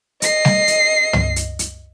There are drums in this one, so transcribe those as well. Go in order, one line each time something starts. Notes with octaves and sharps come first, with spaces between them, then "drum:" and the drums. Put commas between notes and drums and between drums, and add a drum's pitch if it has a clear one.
D#5 C7, drum: hi-hat
drum: snare G3
drum: hi-hat
drum: tom
drum: hi-hat
drum: hi-hat